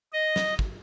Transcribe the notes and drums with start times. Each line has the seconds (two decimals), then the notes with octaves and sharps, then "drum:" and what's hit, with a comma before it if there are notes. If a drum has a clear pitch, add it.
0.13 D#5
0.36 drum: snare
0.59 drum: kick